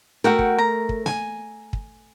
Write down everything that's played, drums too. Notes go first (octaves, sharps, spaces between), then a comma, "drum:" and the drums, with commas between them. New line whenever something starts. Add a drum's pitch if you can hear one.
A3 F#4 A#4 F#5 G5
drum: kick
A#5
drum: kick
G#5, drum: snare
drum: kick